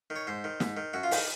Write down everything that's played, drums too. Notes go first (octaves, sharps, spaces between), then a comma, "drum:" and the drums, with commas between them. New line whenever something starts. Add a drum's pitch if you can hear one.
D#3
C#5
G#2 C5
D#3
G#2, drum: snare
D#3
F#2 F#4
F4
D#3 D#4, drum: open hi-hat